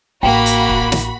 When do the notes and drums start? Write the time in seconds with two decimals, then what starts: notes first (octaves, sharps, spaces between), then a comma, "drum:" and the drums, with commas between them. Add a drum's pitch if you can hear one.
0.23 A1 A#3 F#4 G5 B5
0.46 drum: hi-hat
0.69 drum: kick C#1
0.92 drum: snare